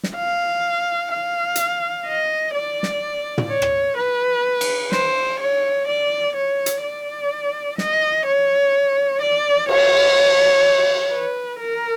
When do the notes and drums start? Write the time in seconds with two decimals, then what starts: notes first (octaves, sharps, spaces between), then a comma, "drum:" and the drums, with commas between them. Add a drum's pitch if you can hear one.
0.03 drum: snare
0.16 F5
1.11 F5
1.55 drum: hi-hat
2.06 D#5
2.54 D5
2.83 drum: snare
3.38 drum: tom
3.49 C#5
3.62 drum: rim click
3.97 B4
4.61 drum: cymbal
4.92 C5, drum: snare
5.40 C#5
5.87 D5
6.35 C#5
6.66 drum: hi-hat
6.83 D5
7.78 D#5, drum: snare
8.26 C#5
9.22 D5
9.69 C#5, drum: cymbal
11.12 B4
11.59 A#4